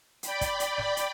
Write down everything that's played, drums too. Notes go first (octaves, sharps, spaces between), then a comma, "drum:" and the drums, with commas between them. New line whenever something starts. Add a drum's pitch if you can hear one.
D5 G5 B5, drum: hi-hat
drum: kick, hi-hat
drum: hi-hat
drum: snare
drum: hi-hat